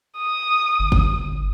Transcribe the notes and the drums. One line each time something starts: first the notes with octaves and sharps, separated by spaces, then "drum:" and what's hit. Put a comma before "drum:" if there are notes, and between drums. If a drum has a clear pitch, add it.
D#6
G1
drum: kick